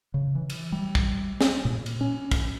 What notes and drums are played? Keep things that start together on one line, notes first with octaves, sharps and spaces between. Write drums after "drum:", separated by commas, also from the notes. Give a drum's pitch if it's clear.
C#3
E3
drum: cymbal
G3
drum: kick
drum: snare
A#2
drum: cymbal
C#4
drum: kick, cymbal